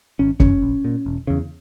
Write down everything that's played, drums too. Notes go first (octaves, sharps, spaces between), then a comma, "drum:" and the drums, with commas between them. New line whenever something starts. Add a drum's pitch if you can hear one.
G#1 C#4
F#2 C#3 C#4, drum: kick
A#1
A#2
E1
E2 C#3